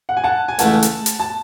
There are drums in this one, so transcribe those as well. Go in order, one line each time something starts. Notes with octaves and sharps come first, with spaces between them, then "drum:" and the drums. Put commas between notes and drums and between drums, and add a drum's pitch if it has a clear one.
F#5
G#5
F#5 A5
G#5
C#2 C#3 E3 A3 F#5 A5, drum: hi-hat
drum: hi-hat
drum: hi-hat
A5